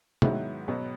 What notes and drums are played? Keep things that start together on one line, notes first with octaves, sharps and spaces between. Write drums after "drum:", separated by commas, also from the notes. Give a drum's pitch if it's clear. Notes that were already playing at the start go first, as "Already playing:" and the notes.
G#2 D#3 F#3 B3 E4, drum: tom C3
B2 F#3 B3